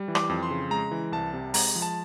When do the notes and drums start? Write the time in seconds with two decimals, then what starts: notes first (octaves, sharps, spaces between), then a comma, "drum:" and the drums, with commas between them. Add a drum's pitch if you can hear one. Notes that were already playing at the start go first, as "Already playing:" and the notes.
Already playing: G3
0.08 E3
0.15 D6, drum: rim click
0.29 F2
0.43 C6
0.51 C#3
0.70 G#3 A#5
0.91 E3
1.12 C2 A5
1.33 C3
1.54 G#3 A#5, drum: open hi-hat
1.75 F3
1.82 A5